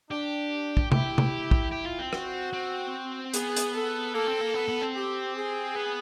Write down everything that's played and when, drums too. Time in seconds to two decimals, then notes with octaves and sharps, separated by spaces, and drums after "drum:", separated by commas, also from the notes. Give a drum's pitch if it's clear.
0.10 D4 G4
0.77 drum: kick
0.92 E4 G4, drum: tom C3
1.18 drum: tom C3
1.51 drum: kick
1.72 G4
1.86 F4
1.99 C4
2.13 F#4, drum: rim click
2.53 C4
3.34 B3 G#4, drum: hi-hat
3.56 drum: hi-hat
3.74 A4
4.15 A#3 A4
4.28 C4
4.41 A#3
4.55 B3
4.68 B3
4.82 C4
4.95 G4
5.36 G#4
5.76 B3